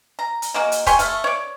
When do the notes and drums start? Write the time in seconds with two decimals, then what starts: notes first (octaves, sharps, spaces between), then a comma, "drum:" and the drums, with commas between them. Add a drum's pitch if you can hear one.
0.19 A#5
0.42 drum: hi-hat
0.54 G#3 A#3 F#4
0.72 drum: hi-hat
0.87 G4 C#5 G#5 C6, drum: kick, hi-hat
0.99 A3 F5, drum: hi-hat
1.24 C#5 D5